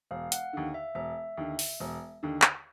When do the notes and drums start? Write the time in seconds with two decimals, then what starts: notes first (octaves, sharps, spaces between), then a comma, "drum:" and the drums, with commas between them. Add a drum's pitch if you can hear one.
0.11 E1 F5
0.32 F#5, drum: hi-hat
0.53 D#2 D3 F5
0.74 E5
0.95 E1 E5
1.37 D#2 D3
1.59 drum: open hi-hat
1.80 E1
2.23 D#2 D3
2.42 drum: clap